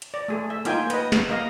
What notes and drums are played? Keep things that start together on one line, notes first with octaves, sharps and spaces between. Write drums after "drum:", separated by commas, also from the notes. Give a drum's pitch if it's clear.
drum: hi-hat
D5
A3 G#4
E5
A#3 D#4 F4 G5 G#5, drum: hi-hat
B4 D#5, drum: hi-hat
drum: snare
A#3 D#5 F5